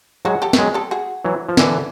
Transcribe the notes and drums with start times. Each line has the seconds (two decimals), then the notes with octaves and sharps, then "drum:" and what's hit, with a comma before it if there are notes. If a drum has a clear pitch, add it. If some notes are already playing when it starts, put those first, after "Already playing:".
0.25 F#3 G#3 F#4 G#4
0.42 G4 A4
0.53 A3, drum: snare
0.58 F#3 G#3
0.74 G4 A4
0.91 F#4 G#4
1.25 E3 F#3
1.49 F3
1.57 D3 E3, drum: snare